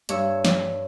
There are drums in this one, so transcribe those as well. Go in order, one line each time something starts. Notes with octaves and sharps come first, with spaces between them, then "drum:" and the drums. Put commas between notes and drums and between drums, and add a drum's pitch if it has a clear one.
G2 C#5 E6, drum: hi-hat
drum: snare